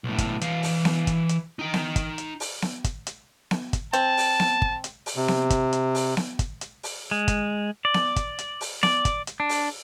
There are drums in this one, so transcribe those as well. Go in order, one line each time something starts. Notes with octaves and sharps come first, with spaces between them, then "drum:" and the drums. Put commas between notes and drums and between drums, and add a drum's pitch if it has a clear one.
B1 A2
drum: kick, hi-hat
E3 F5, drum: hi-hat
drum: open hi-hat
drum: snare B3
drum: kick, hi-hat
drum: hi-hat
D#4 G5
drum: snare B3
drum: kick, hi-hat
drum: hi-hat
drum: open hi-hat
drum: snare B3
drum: kick, hi-hat
drum: hi-hat
drum: snare B3
drum: kick, hi-hat
C4 A5, drum: hi-hat
drum: open hi-hat
drum: snare B3
drum: kick
drum: hi-hat
drum: open hi-hat
C3
drum: snare B3
drum: kick, hi-hat
drum: hi-hat
drum: open hi-hat
drum: snare B3
drum: kick, hi-hat
drum: hi-hat
drum: open hi-hat
G#3
drum: kick, hi-hat
D5
drum: snare B3
drum: kick, hi-hat
drum: hi-hat
drum: open hi-hat
D5, drum: snare B3
drum: kick, hi-hat
drum: hi-hat
D4
drum: open hi-hat